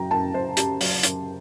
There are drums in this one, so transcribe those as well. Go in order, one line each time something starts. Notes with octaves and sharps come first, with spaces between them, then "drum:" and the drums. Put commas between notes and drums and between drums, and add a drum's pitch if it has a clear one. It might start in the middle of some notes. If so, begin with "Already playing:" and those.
Already playing: F#2 F#3 G5 A#5
F#2 A5
F#2 C5
F#2 G4, drum: hi-hat
F#3, drum: open hi-hat
F#2, drum: hi-hat